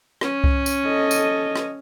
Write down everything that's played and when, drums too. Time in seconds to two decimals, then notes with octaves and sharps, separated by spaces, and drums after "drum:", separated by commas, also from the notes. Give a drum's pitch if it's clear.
0.21 C#4, drum: rim click
0.44 drum: kick C2
0.66 drum: tambourine
0.87 A4 D#5
1.11 drum: tambourine
1.56 drum: rim click